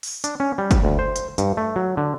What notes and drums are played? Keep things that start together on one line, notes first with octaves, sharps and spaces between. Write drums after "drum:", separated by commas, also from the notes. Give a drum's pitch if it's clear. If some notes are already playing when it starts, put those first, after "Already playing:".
drum: open hi-hat
D4, drum: hi-hat
C#4
G3
drum: kick, hi-hat
D2
C5
drum: hi-hat
G2, drum: hi-hat
A3
F#3
D3